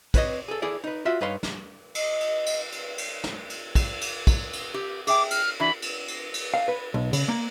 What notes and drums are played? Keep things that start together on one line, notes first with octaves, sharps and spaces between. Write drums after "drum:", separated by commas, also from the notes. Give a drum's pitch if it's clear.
C4 B4 C#5 D#5, drum: kick, cymbal
G#4 A4
E4 G#4 A4 D5
D#4 B4
F4 F#4 E5
G2 D#4 B4 C#5 F5 C6
drum: snare
D#5, drum: cymbal
drum: cymbal
drum: cymbal
drum: cymbal
drum: cymbal
drum: snare
drum: cymbal
drum: kick, cymbal
drum: cymbal
drum: kick, cymbal
drum: cymbal
G4
G#4 E5 G5 D6, drum: cymbal
F6, drum: cymbal
E3 D4 F#4 B5
drum: cymbal
drum: cymbal
drum: cymbal
F5
B4
B1
C#3, drum: cymbal
A#3